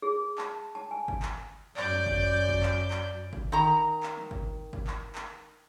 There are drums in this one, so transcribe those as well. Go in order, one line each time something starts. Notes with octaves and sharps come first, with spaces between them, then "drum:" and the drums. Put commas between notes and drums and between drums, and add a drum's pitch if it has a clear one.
G#4
A5, drum: clap
A5
G#5
drum: kick G1
drum: clap
F#2 D5 G6, drum: clap
drum: tom E3
drum: kick G1
drum: kick G1
drum: clap
drum: clap
drum: kick G1
D#3 A#5
drum: clap
drum: tom E3
drum: kick G1
drum: kick G1
drum: clap
drum: clap